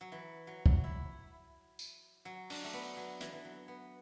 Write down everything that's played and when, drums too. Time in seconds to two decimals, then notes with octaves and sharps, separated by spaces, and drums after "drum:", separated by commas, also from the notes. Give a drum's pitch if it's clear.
0.01 F#3
0.12 E3
0.47 F#3
0.66 F#3, drum: kick
0.84 E4
1.79 drum: tambourine
2.25 F#3
2.50 D4, drum: open hi-hat
2.64 A3
2.73 B3
2.97 F#3
3.21 E3, drum: hi-hat
3.33 E3
3.45 F#3
3.68 B3